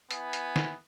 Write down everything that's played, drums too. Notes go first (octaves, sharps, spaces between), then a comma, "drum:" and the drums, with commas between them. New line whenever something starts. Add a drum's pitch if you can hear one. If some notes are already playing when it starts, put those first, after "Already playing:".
B3 E4 G#5, drum: hi-hat
drum: hi-hat
drum: snare